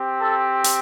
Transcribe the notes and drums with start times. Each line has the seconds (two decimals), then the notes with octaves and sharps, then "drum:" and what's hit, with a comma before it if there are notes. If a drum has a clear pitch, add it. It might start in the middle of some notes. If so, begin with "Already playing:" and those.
Already playing: C4 G4
0.21 A4
0.64 drum: hi-hat